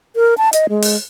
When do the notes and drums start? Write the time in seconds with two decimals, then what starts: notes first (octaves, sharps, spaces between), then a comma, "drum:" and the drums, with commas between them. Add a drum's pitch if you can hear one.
0.16 A#4
0.38 A5
0.53 D#5, drum: hi-hat
0.70 G#3
0.82 drum: open hi-hat